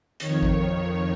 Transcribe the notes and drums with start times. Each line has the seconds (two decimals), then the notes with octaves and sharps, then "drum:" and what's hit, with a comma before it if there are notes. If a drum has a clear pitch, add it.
0.20 F2 D#3 C#5, drum: hi-hat
0.43 drum: kick A1